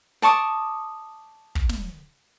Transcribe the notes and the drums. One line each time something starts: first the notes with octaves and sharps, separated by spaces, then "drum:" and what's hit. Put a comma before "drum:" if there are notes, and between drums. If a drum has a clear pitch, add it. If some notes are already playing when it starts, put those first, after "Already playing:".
D5 A5 C#6 D#6
drum: kick
drum: snare